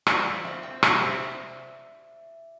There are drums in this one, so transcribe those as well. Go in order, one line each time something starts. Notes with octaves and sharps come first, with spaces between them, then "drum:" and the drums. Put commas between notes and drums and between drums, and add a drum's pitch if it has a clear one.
C4 D5, drum: rim click
F3
C4 E5
C4
C3, drum: rim click
C4